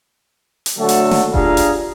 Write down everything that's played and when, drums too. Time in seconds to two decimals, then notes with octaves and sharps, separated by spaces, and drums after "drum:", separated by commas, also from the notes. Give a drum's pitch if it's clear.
0.66 drum: hi-hat
0.78 D3 F#3 A3 F#4 A4
0.89 drum: hi-hat
1.11 drum: snare
1.34 D4 F4 G4 G#4 F5 A#5, drum: kick F1
1.57 drum: hi-hat